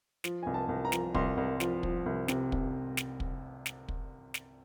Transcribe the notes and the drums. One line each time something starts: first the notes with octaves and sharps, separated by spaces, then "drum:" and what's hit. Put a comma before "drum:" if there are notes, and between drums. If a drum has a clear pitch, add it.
F3, drum: snare
C2 G#5
A5
C2
A#5
F3, drum: snare
C2 C6, drum: kick
C2
F3, drum: snare
F3, drum: kick
C2
C3, drum: snare
C2, drum: kick
drum: snare
drum: kick
drum: snare
drum: kick
drum: snare